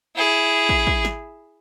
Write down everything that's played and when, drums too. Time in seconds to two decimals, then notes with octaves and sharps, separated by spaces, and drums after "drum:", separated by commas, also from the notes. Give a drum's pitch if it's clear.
0.16 E4 G#4
0.69 drum: kick
0.87 drum: kick
1.05 drum: snare